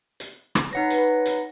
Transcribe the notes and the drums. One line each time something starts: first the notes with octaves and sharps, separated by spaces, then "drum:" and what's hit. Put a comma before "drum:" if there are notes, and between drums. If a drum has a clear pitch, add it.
drum: hi-hat
drum: rim click
D#4 B4 C#5 F#5 A#6
drum: hi-hat
drum: hi-hat